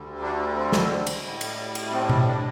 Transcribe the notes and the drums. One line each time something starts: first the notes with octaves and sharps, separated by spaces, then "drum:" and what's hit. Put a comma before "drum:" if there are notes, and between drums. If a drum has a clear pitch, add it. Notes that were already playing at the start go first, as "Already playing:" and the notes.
Already playing: D2 D3 G3
D4
C4
drum: snare
drum: cymbal
A2 G3
drum: cymbal
drum: cymbal
C4
drum: tom B2
D4